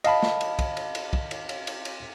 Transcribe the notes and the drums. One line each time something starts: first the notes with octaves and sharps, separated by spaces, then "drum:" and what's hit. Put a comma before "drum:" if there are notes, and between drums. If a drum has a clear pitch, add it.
D#5 F5 A5 B5, drum: cymbal
drum: snare
drum: cymbal
drum: kick, cymbal
drum: cymbal
drum: cymbal
drum: kick
drum: cymbal
drum: cymbal
drum: cymbal
drum: cymbal